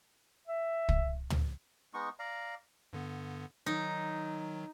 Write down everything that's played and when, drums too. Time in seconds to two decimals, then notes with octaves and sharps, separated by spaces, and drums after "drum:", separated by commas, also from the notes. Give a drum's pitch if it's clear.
0.47 E5
0.89 drum: kick
1.30 drum: tom
1.94 G#3 B3 D#4 C#6
2.19 D5 F5 A#5
2.93 G2 D3 B3
3.66 D#3 F#3 D#4